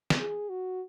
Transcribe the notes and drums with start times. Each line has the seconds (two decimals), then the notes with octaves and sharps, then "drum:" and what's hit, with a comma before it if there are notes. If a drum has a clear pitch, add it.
0.10 drum: snare
0.19 G#4
0.50 F#4